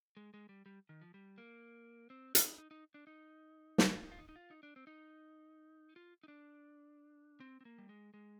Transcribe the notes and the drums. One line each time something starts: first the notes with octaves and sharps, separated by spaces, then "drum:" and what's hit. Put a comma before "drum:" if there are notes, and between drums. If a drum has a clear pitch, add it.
G#3
G#3
G3
G3
D#3
F3
G3
A#3
C4
D#4, drum: hi-hat
D#4
D#4
D4
D#4
drum: snare
F4
D#4
F4
D#4
D#4
F4
D#4
D4
C4
D#4
F4
D#4
D4
C4
C4
A#3
G3
G#3
G#3